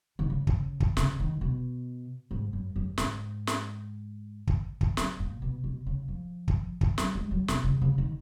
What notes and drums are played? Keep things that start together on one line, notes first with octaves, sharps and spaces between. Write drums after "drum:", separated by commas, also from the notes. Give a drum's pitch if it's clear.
D#3
C#3
drum: kick
drum: kick
C#3, drum: snare
D#3
B2
G#2
F#2
F#2
G#2, drum: snare
drum: snare
drum: kick
drum: kick
F#2, drum: snare
A#2
B2
B2
C#3
F3
drum: kick
drum: kick
F#3, drum: snare
G#3
F#3
B2, drum: snare
C#3
C#3
D#3